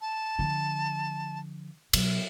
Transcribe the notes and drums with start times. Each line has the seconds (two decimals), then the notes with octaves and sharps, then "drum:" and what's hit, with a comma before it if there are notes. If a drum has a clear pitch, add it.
0.01 A5
0.39 D3 F3
1.93 B2 F#3, drum: cymbal